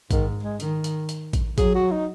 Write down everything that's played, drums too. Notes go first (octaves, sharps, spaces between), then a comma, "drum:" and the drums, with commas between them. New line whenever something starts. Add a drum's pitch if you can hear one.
G#2 D#3, drum: kick A1, hi-hat
G#3
D#3, drum: hi-hat
drum: hi-hat
drum: hi-hat
drum: kick A1, hi-hat
F#3 G#4, drum: kick A1, hi-hat
F#4
D#4